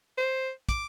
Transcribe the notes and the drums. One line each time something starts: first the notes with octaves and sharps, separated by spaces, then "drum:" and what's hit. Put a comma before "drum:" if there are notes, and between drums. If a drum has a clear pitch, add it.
C5
D6, drum: kick, hi-hat